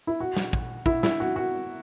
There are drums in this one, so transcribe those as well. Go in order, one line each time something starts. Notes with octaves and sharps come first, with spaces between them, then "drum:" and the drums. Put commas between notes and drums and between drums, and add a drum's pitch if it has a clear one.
E4
F#4
drum: snare
drum: kick
E4, drum: kick
E4, drum: snare
F#4
F#4